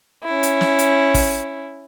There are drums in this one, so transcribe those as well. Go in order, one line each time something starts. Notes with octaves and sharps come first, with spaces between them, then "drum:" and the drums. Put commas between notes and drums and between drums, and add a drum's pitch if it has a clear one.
C#4 E4
drum: hi-hat
drum: snare
drum: hi-hat
drum: kick, open hi-hat